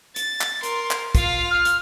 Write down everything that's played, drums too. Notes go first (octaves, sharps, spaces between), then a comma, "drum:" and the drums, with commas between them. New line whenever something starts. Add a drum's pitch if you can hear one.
A6, drum: hi-hat
drum: clap
A#4 C6, drum: hi-hat
drum: clap
F4 F5, drum: kick, hi-hat
F6
drum: hi-hat